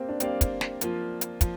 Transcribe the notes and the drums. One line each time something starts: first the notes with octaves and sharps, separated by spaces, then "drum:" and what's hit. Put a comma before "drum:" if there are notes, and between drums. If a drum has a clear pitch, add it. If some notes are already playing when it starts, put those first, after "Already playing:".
Already playing: A#3 C4 G4 F5
D4
A#3 C4 G4 D5 F5, drum: hi-hat
drum: kick, hi-hat
drum: snare
F3 A#3 F4, drum: hi-hat
drum: hi-hat
F3, drum: kick, hi-hat